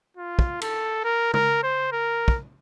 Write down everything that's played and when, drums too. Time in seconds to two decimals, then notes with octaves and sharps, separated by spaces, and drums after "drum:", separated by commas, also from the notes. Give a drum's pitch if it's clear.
0.17 F4
0.39 drum: kick
0.61 A4, drum: cymbal
1.05 A#4
1.34 A#4, drum: tom
1.64 C5
1.92 A#4
2.28 drum: kick